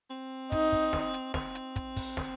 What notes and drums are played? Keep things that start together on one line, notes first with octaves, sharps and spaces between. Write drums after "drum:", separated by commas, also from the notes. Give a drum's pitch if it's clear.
C4
D#4, drum: kick, hi-hat
drum: kick
drum: snare
drum: hi-hat
C4, drum: snare
drum: hi-hat
drum: kick, hi-hat
drum: kick, open hi-hat
drum: snare